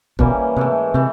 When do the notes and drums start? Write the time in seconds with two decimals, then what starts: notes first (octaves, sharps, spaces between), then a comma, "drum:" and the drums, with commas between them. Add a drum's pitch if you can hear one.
0.19 B2 E3 G3 A#3 C#4, drum: kick
0.56 G#2 C3 E3 A3
0.94 C3 E3 A3